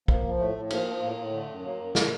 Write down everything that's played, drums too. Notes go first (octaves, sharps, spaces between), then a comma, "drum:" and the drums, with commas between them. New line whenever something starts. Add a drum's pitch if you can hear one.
F3 A#3, drum: kick
F3
A2 A3
A2
F3 A#3, drum: cymbal
F3
A2 A#3
A2
D3 A3
F#2
F#3 A#3
F#2
D3, drum: snare